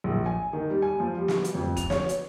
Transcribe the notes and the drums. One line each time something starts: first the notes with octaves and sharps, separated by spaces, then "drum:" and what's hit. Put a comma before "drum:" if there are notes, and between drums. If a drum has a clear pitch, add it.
A#1
G#5
D#3
G3
G#5
F3
G3
drum: snare
drum: hi-hat
F2
F7, drum: kick, hi-hat
C#5, drum: snare
drum: hi-hat